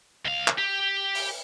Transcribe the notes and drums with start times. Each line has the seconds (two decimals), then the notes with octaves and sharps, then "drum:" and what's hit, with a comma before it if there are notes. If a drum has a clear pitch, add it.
0.25 C#2 F5
0.48 drum: clap
0.58 G4
1.15 drum: open hi-hat